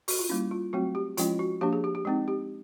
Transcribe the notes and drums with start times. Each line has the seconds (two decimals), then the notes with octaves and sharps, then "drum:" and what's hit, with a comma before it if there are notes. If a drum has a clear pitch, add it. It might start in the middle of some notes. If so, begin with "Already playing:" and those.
0.08 F#4, drum: open hi-hat
0.19 F4
0.29 G3 A#3 C#4 E4
0.51 F4
0.73 F#3 A3 C4 F#4
0.95 G4
1.17 F3 G#3 C#4 E4 F4, drum: hi-hat
1.39 F#4
1.61 F3 A#3 D4 G4
1.73 G#4
1.84 G4
1.95 G4
2.05 G#3 C4 D#4
2.28 G4